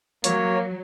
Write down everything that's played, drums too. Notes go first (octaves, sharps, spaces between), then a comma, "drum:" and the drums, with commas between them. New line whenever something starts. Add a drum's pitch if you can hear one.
F#3 A#3 C#5, drum: hi-hat